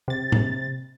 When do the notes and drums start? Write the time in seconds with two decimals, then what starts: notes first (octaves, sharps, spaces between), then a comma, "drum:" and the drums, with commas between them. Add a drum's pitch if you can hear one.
0.08 C3 A6
0.32 drum: tom A2